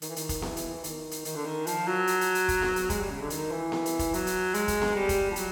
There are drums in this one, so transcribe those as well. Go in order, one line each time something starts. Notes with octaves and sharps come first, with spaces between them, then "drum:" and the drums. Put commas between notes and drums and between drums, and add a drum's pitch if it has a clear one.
D#3, drum: hi-hat
E3
D#3, drum: hi-hat
drum: kick F1, hi-hat
E3, drum: snare B3
drum: hi-hat
E3
D#3, drum: hi-hat
drum: hi-hat
D#3, drum: hi-hat
D3
D#3
F3, drum: hi-hat
F#3
drum: hi-hat
drum: hi-hat
drum: hi-hat
drum: kick F1, hi-hat
drum: snare B3
drum: hi-hat
G#3, drum: kick F1, hi-hat
G3
C#3
D3
D#3, drum: hi-hat
E3
drum: snare B3
drum: hi-hat
drum: kick F1, hi-hat
F#3, drum: hi-hat
drum: hi-hat
G#3, drum: hi-hat
drum: kick F1, hi-hat
drum: snare B3
G3
drum: kick F1, hi-hat
F3
F#3, drum: hi-hat